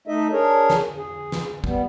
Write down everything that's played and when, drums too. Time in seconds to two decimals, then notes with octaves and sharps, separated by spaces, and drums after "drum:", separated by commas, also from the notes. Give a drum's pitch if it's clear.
0.08 A3 D#4 D#5 E5
0.32 D4 G#4 A#4 C#5
0.70 drum: snare
0.96 G#4
1.32 drum: snare
1.64 G3 B3, drum: kick